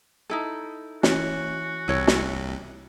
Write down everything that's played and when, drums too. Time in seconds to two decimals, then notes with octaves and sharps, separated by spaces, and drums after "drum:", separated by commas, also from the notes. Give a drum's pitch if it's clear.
0.30 D#4 E4 A4
1.03 E3 C#4 F#4, drum: snare
1.88 C2 E4 C#5
2.07 drum: snare